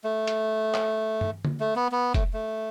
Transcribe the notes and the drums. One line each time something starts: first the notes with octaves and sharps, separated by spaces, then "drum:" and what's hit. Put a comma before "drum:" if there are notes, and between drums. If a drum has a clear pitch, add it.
A3
drum: hi-hat
drum: clap
drum: tom G2
drum: tom D3
A3
B3
B3
A3, drum: kick F1, hi-hat
A3